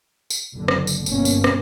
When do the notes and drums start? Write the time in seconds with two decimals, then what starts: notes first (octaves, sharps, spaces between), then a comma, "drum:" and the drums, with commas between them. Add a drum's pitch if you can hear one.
0.30 drum: tambourine
0.55 F#1 D3
0.68 drum: rim click
0.87 drum: tambourine
1.06 G1 B2 A#3 C#4, drum: tambourine
1.25 drum: tambourine
1.44 drum: rim click